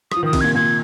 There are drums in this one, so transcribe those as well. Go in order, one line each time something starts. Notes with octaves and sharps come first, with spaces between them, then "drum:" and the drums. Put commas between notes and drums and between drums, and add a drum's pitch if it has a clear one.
F3 D#6, drum: rim click
D#3
D#6
C3, drum: kick B1, cymbal
A#2 G#6
A#2 G#6